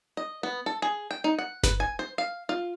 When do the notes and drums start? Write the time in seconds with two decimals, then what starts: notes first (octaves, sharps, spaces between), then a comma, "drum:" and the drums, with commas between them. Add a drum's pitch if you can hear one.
0.17 D#5
0.43 B3
0.66 A4
0.82 G#4
1.11 G5
1.24 D#4
1.39 F#5
1.63 B4, drum: snare G1
1.80 G#5
1.99 C5
2.18 F5
2.49 F4